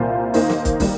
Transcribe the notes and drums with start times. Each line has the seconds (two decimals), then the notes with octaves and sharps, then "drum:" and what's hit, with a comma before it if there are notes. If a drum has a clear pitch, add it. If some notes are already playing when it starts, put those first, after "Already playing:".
Already playing: C2 A#2 A#3 F4 C5
0.34 D#2 D#3 A#3 D#4 C5, drum: open hi-hat
0.50 drum: snare
0.65 drum: kick, hi-hat
0.80 G3 A#3 D#4, drum: kick, open hi-hat